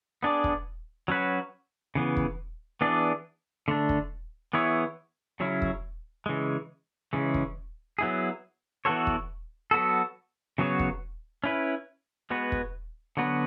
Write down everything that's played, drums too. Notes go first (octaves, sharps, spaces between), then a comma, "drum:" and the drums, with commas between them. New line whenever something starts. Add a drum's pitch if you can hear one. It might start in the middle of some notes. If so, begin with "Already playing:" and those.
B3 D4 G#4 D5
drum: kick
F#3 C#4 F#4 B4
C#3 E3 B3
drum: kick
E3 B3 D4 G#4 D5
D3 A3 D4
drum: kick
E3 B3 E4 G#4 C#5
C#3 F#3 C#4 E4
drum: kick
C#3 E3 G#3
C#3 E3 G#3 C#4
drum: kick
F#3 B3 E4 G#4
E3 B3 F#4 A4 C#5
drum: kick
F#3 B3 F#4 A4
C#3 F#3 B3 F#4 C#5
drum: kick
C#4 E4 B4
G#3 B3 F#4 B4
drum: kick
D3 F#3 B3 F#4 B4